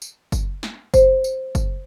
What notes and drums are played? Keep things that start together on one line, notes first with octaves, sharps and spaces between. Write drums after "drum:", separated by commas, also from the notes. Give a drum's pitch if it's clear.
drum: tambourine
drum: kick F#1, tambourine
drum: snare
C5, drum: kick F#1, tambourine
drum: tambourine
drum: kick F#1, tambourine